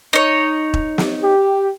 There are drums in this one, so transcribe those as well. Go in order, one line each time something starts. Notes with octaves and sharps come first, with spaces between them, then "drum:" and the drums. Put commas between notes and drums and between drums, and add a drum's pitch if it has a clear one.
D#4 C#5
drum: kick E1
drum: snare
G4